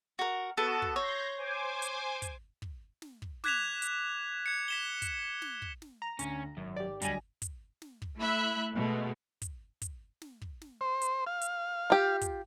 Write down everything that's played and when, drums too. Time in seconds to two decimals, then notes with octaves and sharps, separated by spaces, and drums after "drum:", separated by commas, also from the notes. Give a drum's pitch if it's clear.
0.19 F#4 A#4
0.57 B3 F#4 A4 A5
0.82 drum: kick
0.96 C#5 C6 G6 A#6
1.37 C5 G#5 D6
1.82 drum: hi-hat
2.22 drum: kick, hi-hat
2.62 drum: kick
3.02 drum: snare
3.22 drum: kick
3.44 D6 F#6 G#6 B6 E7 F7, drum: snare
3.82 drum: hi-hat
4.46 G#6 C#7
4.68 B6 E7 G7
5.02 drum: kick, hi-hat
5.42 drum: snare
5.62 drum: kick
5.82 drum: snare
6.02 A#5
6.19 D2 C#4, drum: hi-hat
6.57 G#1 F#2
6.76 G4 D5
7.02 D2 F#3 G3 D#5 G#5 A#5, drum: kick, hi-hat
7.42 drum: kick, hi-hat
7.82 drum: snare
8.02 drum: kick
8.17 A3 E4 E5 B5 F#6
8.75 B2 G#3 A3
9.42 drum: kick, hi-hat
9.82 drum: kick, hi-hat
10.22 drum: snare
10.42 drum: kick
10.62 drum: snare
10.81 C5
11.01 drum: hi-hat
11.27 F5
11.41 drum: hi-hat
11.90 F4 G4
12.21 drum: kick, hi-hat